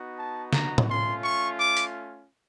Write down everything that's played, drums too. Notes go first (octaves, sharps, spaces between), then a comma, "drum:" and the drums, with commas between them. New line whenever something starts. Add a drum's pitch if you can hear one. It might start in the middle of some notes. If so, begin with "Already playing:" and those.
Already playing: B3 D#4 F#4
A5
A#5, drum: snare
drum: tom A2
A3 C#4 F4 C6
C#6
D6
drum: hi-hat